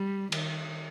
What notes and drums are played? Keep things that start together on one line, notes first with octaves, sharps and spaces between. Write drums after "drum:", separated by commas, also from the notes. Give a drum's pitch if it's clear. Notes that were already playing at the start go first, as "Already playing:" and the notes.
Already playing: G3
D#3, drum: cymbal